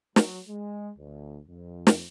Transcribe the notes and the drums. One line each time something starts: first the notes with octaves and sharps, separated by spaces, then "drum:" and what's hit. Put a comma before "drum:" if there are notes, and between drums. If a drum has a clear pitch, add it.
F#3, drum: snare
G#3
D2
F2
drum: snare